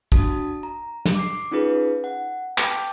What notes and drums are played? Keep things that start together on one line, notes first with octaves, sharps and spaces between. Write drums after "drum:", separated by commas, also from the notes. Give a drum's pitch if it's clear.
D4 F#4 A5 D#6, drum: kick
A#5
drum: snare
D6 C7
C#4 D#4 F4 G#4 B4
F#5
G5 A5 D6 G6, drum: clap